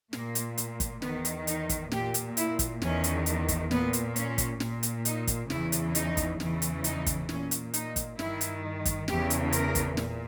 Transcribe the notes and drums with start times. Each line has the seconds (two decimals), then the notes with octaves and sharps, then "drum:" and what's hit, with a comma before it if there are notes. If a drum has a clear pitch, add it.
0.13 A#2 A#3, drum: snare
0.35 drum: hi-hat
0.58 drum: hi-hat
0.80 drum: kick G1, hi-hat
1.02 E2 D#3 B3, drum: snare
1.25 drum: hi-hat
1.47 D#4, drum: hi-hat
1.69 drum: kick G1, hi-hat
1.92 A#2 G4, drum: snare
2.14 drum: hi-hat
2.37 E4, drum: hi-hat
2.59 drum: kick G1, hi-hat
2.82 E2 D#3 C#4, drum: snare
3.04 drum: hi-hat
3.26 drum: hi-hat
3.48 drum: kick G1, hi-hat
3.71 A#2 B3, drum: snare
3.93 drum: hi-hat
4.16 C#4, drum: hi-hat
4.38 drum: kick G1, hi-hat
4.60 A#2, drum: snare
4.83 drum: hi-hat
5.05 D#4, drum: hi-hat
5.27 drum: kick G1, hi-hat
5.50 E2 C#3 E3 E4, drum: snare
5.72 drum: hi-hat
5.95 D#4, drum: hi-hat
6.17 drum: kick G1, hi-hat
6.40 E2 C#3 E3, drum: snare
6.62 drum: hi-hat
6.84 D#4, drum: hi-hat
7.06 drum: kick G1, hi-hat
7.29 A#2 C#4, drum: snare
7.51 drum: hi-hat
7.74 D#4, drum: hi-hat
7.96 drum: kick G1, hi-hat
8.19 G2 D#3 E4, drum: snare
8.41 drum: hi-hat
8.85 drum: kick G1, hi-hat
9.08 E2 C#3 E3 G4, drum: snare
9.30 drum: hi-hat
9.52 A#4, drum: hi-hat
9.75 drum: kick G1, hi-hat
9.97 A#2, drum: snare